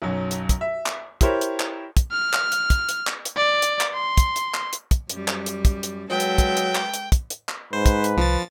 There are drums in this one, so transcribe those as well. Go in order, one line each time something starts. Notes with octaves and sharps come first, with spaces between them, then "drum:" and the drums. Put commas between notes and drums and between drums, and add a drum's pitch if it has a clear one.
B1 F#2 F#3
drum: hi-hat
drum: kick, hi-hat
E5
drum: clap
E4 G4 A#4 C5 C#5, drum: kick, hi-hat
drum: hi-hat
drum: clap
drum: kick, hi-hat
F6
drum: clap
drum: hi-hat
drum: kick, hi-hat
drum: hi-hat
drum: clap
drum: hi-hat
D5
drum: hi-hat
drum: clap
C6
drum: kick, hi-hat
drum: hi-hat
drum: clap
drum: hi-hat
drum: kick, hi-hat
F#2 G3, drum: hi-hat
drum: clap
drum: hi-hat
drum: kick, hi-hat
drum: hi-hat
F#3 G#3 A4 B4 G5
drum: hi-hat
drum: kick, hi-hat
drum: hi-hat
drum: clap
drum: hi-hat
drum: kick, hi-hat
drum: hi-hat
drum: clap
G#2 B4 C5
drum: kick, hi-hat
drum: hi-hat
C2 F3 A6